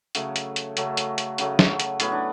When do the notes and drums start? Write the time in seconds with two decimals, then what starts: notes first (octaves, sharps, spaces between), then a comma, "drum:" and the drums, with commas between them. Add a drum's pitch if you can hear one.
0.15 C#3 F#3 A3, drum: hi-hat
0.36 drum: hi-hat
0.56 drum: hi-hat
0.77 C#3 F#3 A3, drum: hi-hat
0.97 drum: hi-hat
1.18 drum: hi-hat
1.38 C#3 F#3 A3, drum: hi-hat
1.59 drum: snare
1.80 drum: hi-hat
2.00 A2 F#3 B3 C#4, drum: hi-hat
2.12 D4